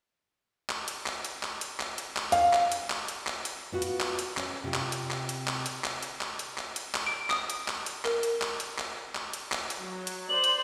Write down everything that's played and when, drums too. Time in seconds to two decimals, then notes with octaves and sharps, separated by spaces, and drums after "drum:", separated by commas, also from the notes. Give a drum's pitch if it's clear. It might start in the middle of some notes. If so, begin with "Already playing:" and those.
0.69 drum: clap
0.88 drum: hi-hat
1.06 drum: clap
1.25 drum: hi-hat
1.43 drum: clap
1.61 drum: hi-hat
1.80 drum: clap
1.98 drum: hi-hat
2.16 drum: clap
2.32 F5, drum: hi-hat
2.53 drum: clap
2.72 drum: hi-hat
2.90 drum: clap
3.08 drum: hi-hat
3.27 drum: clap
3.45 drum: hi-hat
3.72 B3 F4 F#4
3.82 drum: hi-hat
4.00 drum: clap
4.19 drum: hi-hat
4.37 C#4, drum: clap
4.64 C3 F4
4.74 drum: clap
4.92 drum: hi-hat
5.11 drum: clap
5.29 drum: hi-hat
5.47 drum: clap
5.66 drum: hi-hat
5.84 drum: clap
6.03 drum: hi-hat
6.21 drum: clap
6.39 drum: hi-hat
6.58 drum: clap
6.76 drum: hi-hat
6.94 drum: clap
7.06 D7
7.30 D#6, drum: clap
7.50 drum: hi-hat
7.68 drum: clap
7.86 drum: hi-hat
8.05 A#4, drum: clap
8.23 drum: hi-hat
8.42 drum: clap
8.60 drum: hi-hat
8.78 drum: clap
9.15 drum: clap
9.33 drum: hi-hat
9.52 drum: clap
9.70 drum: hi-hat
9.81 F#3
10.07 drum: hi-hat
10.29 C5 D5 F#7
10.44 drum: hi-hat